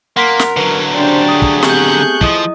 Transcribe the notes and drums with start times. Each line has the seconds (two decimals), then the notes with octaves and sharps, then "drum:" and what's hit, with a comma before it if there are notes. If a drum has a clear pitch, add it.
0.17 F#2 A#3 A#4 F#5 C6 B6
0.39 drum: snare
0.57 D3 F#3 B4
0.95 C#3 D4 G4 C5 A6
1.28 A3 G#4 D#6
1.42 drum: kick
1.63 B3 C4 G4 C#6 F#6 G6, drum: snare
2.21 F3 E4 D#5 D#6, drum: kick